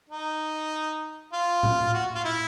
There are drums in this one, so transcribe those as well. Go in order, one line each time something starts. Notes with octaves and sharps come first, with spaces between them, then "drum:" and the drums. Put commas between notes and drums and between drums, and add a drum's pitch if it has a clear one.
D#4
F4
drum: tom A2
F#4
F4
E4